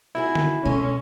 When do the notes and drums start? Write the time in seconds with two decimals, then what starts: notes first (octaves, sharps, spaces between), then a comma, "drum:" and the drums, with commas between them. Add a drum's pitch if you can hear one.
0.15 D#4 E4 F#4 G#4
0.35 drum: tom D3
0.65 B2 G#3 C#4 A4